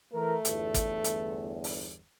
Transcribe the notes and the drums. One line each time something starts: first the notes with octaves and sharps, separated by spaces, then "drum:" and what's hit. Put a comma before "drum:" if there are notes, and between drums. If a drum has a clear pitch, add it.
E3 A3 A#4
G1 E2, drum: hi-hat
drum: kick, hi-hat
drum: hi-hat
drum: open hi-hat